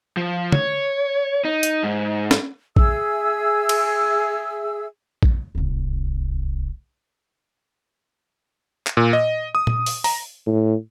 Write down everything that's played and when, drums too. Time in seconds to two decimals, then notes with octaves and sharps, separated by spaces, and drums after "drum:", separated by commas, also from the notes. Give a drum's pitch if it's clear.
0.17 F3
0.52 C#5, drum: tom
1.45 D#4
1.63 drum: hi-hat
1.84 G#2
2.31 drum: snare C#4
2.76 G#4 E5 E6, drum: kick
3.69 drum: cymbal
5.23 drum: kick
5.55 D1 C2
8.87 drum: clap
8.97 A#2
9.13 D#5
9.55 D#6
9.67 drum: tom A#2
9.86 drum: open hi-hat
10.04 A#5, drum: open hi-hat
10.46 A2